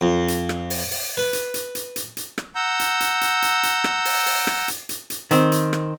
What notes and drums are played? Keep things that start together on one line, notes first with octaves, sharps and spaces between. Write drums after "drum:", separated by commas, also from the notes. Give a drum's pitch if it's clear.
F2
drum: hi-hat
drum: rim click
drum: open hi-hat
drum: open hi-hat
B4
drum: hi-hat
drum: hi-hat
drum: hi-hat
drum: hi-hat
drum: hi-hat
drum: rim click
F#5 A#5 E6 G6
drum: hi-hat
drum: hi-hat
drum: hi-hat
drum: hi-hat
drum: hi-hat
drum: rim click
drum: open hi-hat
drum: open hi-hat
drum: rim click
drum: hi-hat
drum: hi-hat
drum: hi-hat
D#3 C4, drum: hi-hat
drum: hi-hat
drum: rim click